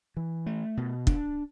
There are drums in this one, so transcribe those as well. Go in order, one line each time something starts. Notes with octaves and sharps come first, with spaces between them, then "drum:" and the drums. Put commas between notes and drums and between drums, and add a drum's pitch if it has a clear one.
E3
A3
B2
D4, drum: kick